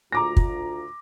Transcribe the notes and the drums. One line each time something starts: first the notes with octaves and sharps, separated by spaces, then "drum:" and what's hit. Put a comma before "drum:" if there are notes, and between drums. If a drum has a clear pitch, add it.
D2 F4 A#5 D6 A#6
drum: kick